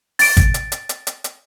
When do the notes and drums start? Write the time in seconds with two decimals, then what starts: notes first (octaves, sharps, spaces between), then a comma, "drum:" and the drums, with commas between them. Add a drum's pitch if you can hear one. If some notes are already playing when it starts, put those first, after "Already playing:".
0.19 A6 D7, drum: open hi-hat
0.37 drum: kick, hi-hat
0.54 drum: hi-hat
0.72 drum: hi-hat
0.89 drum: hi-hat
1.07 drum: hi-hat
1.24 drum: hi-hat